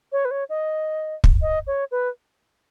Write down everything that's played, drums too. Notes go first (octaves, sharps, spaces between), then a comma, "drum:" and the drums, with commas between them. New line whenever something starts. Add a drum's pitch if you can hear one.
C#5
B4
C#5
D#5
drum: kick
D#5
C#5
B4